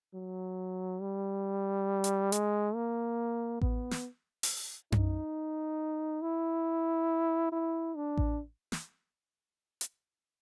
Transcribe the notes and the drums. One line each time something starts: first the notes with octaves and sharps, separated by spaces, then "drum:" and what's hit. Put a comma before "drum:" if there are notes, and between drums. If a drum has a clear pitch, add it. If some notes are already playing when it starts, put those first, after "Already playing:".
F#3
G3
drum: hi-hat
G#3, drum: hi-hat
A#3
B3, drum: kick A1
drum: snare
drum: open hi-hat
D#4, drum: tom F#2
E4
E4
D4
drum: kick A1
drum: snare
drum: hi-hat